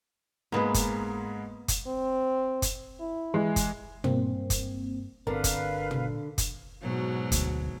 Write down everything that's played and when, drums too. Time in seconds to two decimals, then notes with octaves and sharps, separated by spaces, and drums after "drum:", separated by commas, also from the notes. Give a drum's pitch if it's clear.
0.52 G#2 G#3 A#3 B3 B5
0.74 drum: kick F#1, hi-hat
1.68 drum: kick F#1, hi-hat
1.87 C4
2.62 drum: kick F#1, hi-hat
3.00 E4
3.34 E3 G#3
3.56 drum: kick F#1, hi-hat
4.04 G2 A#3 C4, drum: tom
4.50 drum: kick F#1, hi-hat
5.27 G1 D3 C4 A#4 B4 F5
5.44 drum: kick F#1, hi-hat
5.91 drum: tom
6.38 drum: kick F#1, hi-hat
6.82 G#2 B2 F#3
7.32 D2, drum: kick F#1, hi-hat